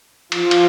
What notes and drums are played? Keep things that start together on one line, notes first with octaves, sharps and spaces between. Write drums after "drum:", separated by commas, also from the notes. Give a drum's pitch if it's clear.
F3 F4, drum: cymbal
drum: cymbal